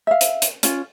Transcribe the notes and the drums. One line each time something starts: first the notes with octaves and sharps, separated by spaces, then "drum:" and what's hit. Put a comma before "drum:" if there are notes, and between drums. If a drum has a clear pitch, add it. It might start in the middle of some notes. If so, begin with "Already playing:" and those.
E5 F5
drum: hi-hat
drum: hi-hat
C#4 F4, drum: hi-hat